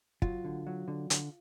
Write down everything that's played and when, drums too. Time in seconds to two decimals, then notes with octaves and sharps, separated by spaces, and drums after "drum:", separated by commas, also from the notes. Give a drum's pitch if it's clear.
0.22 F#3 F4, drum: kick
0.45 D3
0.67 F#3
0.88 D3
1.10 D3, drum: hi-hat